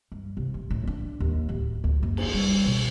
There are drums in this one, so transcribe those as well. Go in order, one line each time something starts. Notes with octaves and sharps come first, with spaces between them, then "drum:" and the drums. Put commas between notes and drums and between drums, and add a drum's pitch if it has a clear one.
G2
C2
A2
A2
D4
D#2
D1
D2
F#1
drum: cymbal
G3
B2